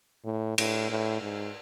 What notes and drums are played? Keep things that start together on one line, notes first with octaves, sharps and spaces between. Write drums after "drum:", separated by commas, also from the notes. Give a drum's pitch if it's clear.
A2
A2, drum: cymbal
A2
G#2